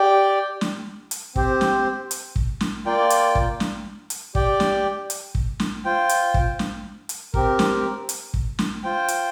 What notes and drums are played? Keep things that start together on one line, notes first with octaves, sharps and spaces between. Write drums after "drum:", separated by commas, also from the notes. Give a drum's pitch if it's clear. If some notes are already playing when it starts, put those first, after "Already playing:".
Already playing: G4 D5 G5
drum: snare
drum: hi-hat
C4 G4 C5, drum: kick
drum: snare
drum: hi-hat
drum: kick
drum: snare
A#3 F4 D5 G5
drum: hi-hat
drum: kick
drum: snare
drum: hi-hat
G4 D5 G5, drum: kick
drum: snare
drum: hi-hat
drum: kick
drum: snare
F4 C5 G5
drum: hi-hat
drum: kick
drum: snare
drum: hi-hat
C4 G4 A#4, drum: kick
drum: snare
drum: hi-hat
drum: kick
drum: snare
F4 C5 G5
drum: hi-hat